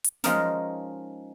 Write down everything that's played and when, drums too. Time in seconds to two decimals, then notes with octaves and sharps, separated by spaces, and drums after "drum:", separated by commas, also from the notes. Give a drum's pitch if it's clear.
0.04 drum: hi-hat
0.24 F3 G#3 C#4 D#4 A#4, drum: snare